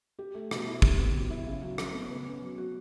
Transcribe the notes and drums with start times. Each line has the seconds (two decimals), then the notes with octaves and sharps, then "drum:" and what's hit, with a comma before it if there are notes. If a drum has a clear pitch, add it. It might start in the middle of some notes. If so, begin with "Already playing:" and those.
0.19 G4
0.34 A3
0.51 B2, drum: rim click
0.67 E4
0.82 G4, drum: kick
0.99 B3
1.14 F#3
1.30 E4
1.47 C#3
1.62 F#3
1.78 C#3, drum: rim click
1.94 B3
2.10 B4
2.26 C#4
2.42 F#3
2.58 F#4